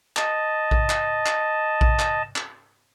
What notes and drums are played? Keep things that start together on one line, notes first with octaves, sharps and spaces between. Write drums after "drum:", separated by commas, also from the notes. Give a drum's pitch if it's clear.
D#5 A5, drum: clap
drum: kick A#1
drum: clap
drum: clap
drum: kick A#1
drum: clap
drum: clap